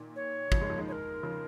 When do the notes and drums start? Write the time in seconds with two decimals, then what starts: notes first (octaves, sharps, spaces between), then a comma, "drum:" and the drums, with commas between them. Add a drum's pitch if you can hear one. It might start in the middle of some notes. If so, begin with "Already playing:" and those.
Already playing: A#2 D#3
0.16 C#5
0.46 D#3
0.52 C#3 F3, drum: kick
0.61 D#3 G#3
0.69 F3 A#3
0.78 D#3 G#3
0.88 C#5
0.92 A#4
1.23 C#3 F3